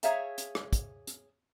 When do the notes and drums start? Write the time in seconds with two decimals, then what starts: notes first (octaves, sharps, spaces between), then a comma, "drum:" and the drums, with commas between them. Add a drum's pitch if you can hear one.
0.03 G#4 C#5 E5 F5 A5 A#5, drum: hi-hat
0.38 drum: hi-hat
0.55 drum: rim click
0.73 drum: kick, hi-hat
1.07 drum: hi-hat